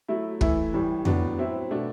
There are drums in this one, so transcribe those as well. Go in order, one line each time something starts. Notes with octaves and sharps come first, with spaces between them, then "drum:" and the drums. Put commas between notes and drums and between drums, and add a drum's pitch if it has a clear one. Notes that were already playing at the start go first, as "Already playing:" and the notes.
F#3 A3 E4
E3 A3 E4, drum: kick
A2 E3 G3
A2 F#3 B3 D4, drum: tom F2
F#3 C4 E4
B2 A3 D4